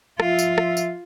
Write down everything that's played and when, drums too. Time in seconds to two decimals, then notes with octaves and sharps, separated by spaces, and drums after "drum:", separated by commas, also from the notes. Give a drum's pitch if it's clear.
0.20 F3 F4 E5, drum: rim click
0.39 drum: tambourine
0.58 drum: rim click
0.77 drum: tambourine